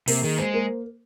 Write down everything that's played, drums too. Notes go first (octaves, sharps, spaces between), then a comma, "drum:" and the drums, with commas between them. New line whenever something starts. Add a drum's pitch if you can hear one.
C3 A#3, drum: open hi-hat
D#3 G#4
G#3 C5
A#3